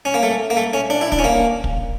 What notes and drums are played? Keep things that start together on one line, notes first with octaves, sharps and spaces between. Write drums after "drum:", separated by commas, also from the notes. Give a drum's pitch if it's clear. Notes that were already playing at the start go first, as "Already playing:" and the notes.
C#4
A#3
A3
A#3
A3
C#4
D4
E4
D4, drum: kick
C#4
A#3
drum: kick